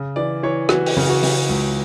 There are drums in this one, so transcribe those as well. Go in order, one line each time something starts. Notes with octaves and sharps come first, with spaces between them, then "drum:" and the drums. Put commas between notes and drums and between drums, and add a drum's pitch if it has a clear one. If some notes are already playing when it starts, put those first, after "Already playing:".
Already playing: C#3
E3 D5
E3 C#5
E3 F#4, drum: rim click
drum: open hi-hat
C#3
F#4
C#3, drum: open hi-hat
C#2